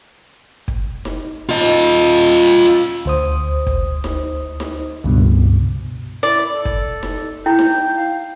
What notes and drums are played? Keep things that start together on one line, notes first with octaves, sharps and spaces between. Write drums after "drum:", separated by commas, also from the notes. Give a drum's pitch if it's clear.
drum: kick
drum: snare D#4
F4 D#5
drum: snare D#4
D2 C5 D#6
drum: kick
drum: snare D#4
drum: snare D#4
C#2 G2 B2
E4 D5
A4
drum: kick
drum: snare D#4
E4 G5 G6
drum: snare D#4
F5